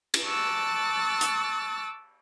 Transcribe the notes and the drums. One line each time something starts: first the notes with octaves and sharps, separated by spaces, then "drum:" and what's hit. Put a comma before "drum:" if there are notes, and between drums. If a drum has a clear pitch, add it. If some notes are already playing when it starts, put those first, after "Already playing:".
drum: cymbal
A5 C#6 D6 E6 F#6 A6
drum: hi-hat